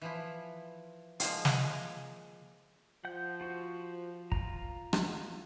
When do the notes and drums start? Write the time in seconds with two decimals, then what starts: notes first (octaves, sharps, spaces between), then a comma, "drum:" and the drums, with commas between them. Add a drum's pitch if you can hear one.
0.02 E3 F3 E4
1.20 F3 G#3 A#3 F4, drum: hi-hat
1.45 G#4, drum: snare
3.05 F3 F#5 G6
3.41 F4 F#4 C5
4.32 F4 A#5, drum: kick
4.93 drum: rim click